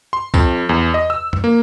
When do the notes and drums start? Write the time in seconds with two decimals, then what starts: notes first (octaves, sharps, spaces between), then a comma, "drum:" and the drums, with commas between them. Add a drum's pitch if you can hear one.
0.13 C6
0.34 F2, drum: kick, tambourine
0.69 E2
0.94 D#5
1.10 E6
1.33 drum: tom F2
1.44 A#3